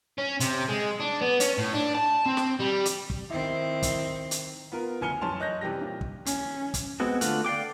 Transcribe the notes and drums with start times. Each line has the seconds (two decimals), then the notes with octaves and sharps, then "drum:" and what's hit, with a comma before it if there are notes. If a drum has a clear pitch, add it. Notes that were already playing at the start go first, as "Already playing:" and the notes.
0.18 C#4
0.40 C3, drum: hi-hat
0.69 G#3
1.00 D4
1.21 B3
1.40 C#4, drum: hi-hat
1.58 A2
1.74 D4
1.95 A5
2.26 C4
2.37 drum: snare
2.60 G3
2.85 drum: hi-hat
3.10 drum: kick
3.31 D#3 C4 E4
3.83 drum: kick, hi-hat
4.31 drum: hi-hat
4.72 B3 F4 A#4
5.01 A1 D2 G#5 F6 C#7 G7
5.21 F#2 E3 C#4 A5 C6 F7
5.40 C#5 D#5 F#6 G6 A#6
5.61 C3 E3 G3 G4 A#6
5.81 A#2
6.01 drum: kick
6.26 C#4, drum: hi-hat
6.74 drum: kick, hi-hat
7.00 G#3 B3 C4 F#4
7.21 D3 A3 F4 F#5, drum: hi-hat
7.45 D5 F5 G5 D6